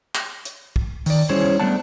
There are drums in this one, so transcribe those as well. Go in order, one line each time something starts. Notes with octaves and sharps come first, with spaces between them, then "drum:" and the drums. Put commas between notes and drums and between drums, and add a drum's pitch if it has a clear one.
drum: clap
drum: hi-hat
drum: kick
D#3 D5, drum: open hi-hat
G3 C#4 E4 G#4 C5 C#5
G3 A3 B3 D4 F#5 A5